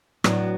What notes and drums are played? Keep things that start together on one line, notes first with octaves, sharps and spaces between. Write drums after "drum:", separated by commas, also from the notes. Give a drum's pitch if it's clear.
A2 F#3 B3 D4 F#4, drum: rim click